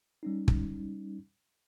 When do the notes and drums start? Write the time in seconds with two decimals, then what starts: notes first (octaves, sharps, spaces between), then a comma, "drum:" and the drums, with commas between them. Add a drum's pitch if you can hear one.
0.23 G3 C#4 D#4
0.48 drum: kick